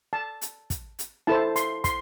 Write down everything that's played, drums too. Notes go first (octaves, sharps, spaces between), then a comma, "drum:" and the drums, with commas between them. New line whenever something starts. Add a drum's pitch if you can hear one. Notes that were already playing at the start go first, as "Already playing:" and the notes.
A5
drum: hi-hat
drum: kick, hi-hat
drum: hi-hat
E4 A4 C5 A5
C6, drum: hi-hat
C6, drum: kick, hi-hat